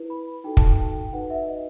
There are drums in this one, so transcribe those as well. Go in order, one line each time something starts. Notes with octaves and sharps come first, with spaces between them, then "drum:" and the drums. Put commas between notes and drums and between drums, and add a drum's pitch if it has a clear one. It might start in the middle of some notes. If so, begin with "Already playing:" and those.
Already playing: E4 B4
B5
D#4 F#4 A4 G5
A5, drum: kick
G5
A5
G5
D#4 F#4 B4 F#5
F#5
E5
D#5